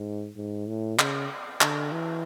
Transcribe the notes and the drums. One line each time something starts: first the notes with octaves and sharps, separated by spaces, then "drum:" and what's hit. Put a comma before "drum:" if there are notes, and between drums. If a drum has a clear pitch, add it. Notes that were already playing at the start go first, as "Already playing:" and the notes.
Already playing: G#2
G#2
A2
C#3, drum: clap
D3, drum: clap
E3